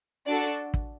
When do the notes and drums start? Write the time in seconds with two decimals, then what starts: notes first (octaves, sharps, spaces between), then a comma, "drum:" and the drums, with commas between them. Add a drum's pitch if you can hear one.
0.26 D4 F#4 A4 D5
0.74 drum: kick